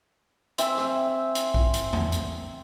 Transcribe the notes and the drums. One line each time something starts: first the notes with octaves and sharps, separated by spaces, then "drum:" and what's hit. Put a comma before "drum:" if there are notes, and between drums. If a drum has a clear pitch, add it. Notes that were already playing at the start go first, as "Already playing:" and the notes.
C4 E5 G#5, drum: hi-hat
drum: rim click
drum: hi-hat
drum: kick A#1
drum: hi-hat
drum: tom E2
drum: hi-hat